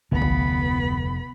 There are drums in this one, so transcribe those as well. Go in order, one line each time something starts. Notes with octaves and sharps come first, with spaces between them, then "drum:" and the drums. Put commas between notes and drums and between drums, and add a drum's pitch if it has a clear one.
F1 D2 B3 B5
drum: kick A#1